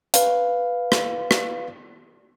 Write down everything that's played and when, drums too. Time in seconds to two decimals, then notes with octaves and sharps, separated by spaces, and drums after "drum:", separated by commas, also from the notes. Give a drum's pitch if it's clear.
0.14 B4 F5, drum: hi-hat
0.92 drum: rim click
1.31 drum: rim click